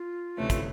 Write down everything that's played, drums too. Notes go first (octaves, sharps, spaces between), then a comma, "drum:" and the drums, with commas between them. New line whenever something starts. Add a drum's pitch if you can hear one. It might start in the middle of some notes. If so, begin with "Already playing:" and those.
Already playing: F4
D2 C3 E3 A3 C#4
drum: kick, hi-hat